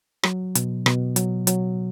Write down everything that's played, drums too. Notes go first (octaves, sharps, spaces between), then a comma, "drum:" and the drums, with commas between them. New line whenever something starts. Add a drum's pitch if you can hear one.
F#3, drum: rim click
B2, drum: hi-hat
B2, drum: rim click
F#3, drum: hi-hat
F#3, drum: hi-hat